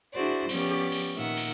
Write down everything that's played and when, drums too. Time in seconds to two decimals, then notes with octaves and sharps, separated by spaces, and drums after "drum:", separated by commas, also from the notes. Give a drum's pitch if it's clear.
0.13 D4 E4 F#4 G#4 C5 D5
0.49 F3 B3 C#4 G4 D5, drum: cymbal
0.92 drum: cymbal
1.15 A#2 D#3 E5 F#5
1.37 drum: cymbal